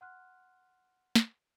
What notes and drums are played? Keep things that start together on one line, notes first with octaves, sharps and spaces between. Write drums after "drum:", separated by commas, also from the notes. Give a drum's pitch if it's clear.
F#5 C6 F6 F#6
drum: snare